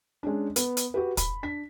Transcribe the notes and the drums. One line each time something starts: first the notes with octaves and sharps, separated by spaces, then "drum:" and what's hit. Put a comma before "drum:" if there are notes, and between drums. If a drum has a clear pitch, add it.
G#3 C#4 D4
B3, drum: hi-hat
drum: hi-hat
F#4 G4 B4
B5, drum: kick, hi-hat
D4 B6